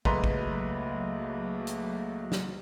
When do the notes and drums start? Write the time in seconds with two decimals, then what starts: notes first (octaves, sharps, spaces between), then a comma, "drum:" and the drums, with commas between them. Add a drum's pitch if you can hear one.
0.05 C#2 F#3 A3 A#3 B4 A#5 C6, drum: kick
0.24 drum: kick
1.67 drum: hi-hat
2.32 drum: snare